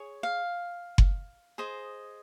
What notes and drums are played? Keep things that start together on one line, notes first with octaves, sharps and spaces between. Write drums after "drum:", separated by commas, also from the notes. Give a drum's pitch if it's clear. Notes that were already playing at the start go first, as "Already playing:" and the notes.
Already playing: G#4 C#5
F5
drum: kick F#1
G#4 C5 D#5